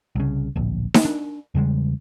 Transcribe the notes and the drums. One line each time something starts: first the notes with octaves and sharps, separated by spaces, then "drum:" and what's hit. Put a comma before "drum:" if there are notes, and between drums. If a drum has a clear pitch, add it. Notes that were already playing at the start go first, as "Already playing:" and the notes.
C2 C#3
D1 A#1
drum: snare D#4
D4
E2 C#3 G3 G#3